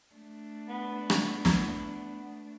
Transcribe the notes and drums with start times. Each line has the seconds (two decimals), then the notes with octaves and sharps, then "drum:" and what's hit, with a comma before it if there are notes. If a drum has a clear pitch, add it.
0.15 A3 D4
0.68 B3
1.10 drum: rim click
1.45 drum: snare